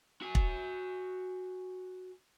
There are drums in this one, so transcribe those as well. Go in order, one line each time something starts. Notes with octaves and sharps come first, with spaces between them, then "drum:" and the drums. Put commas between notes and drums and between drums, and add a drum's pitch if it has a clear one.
F#4 G#5
drum: kick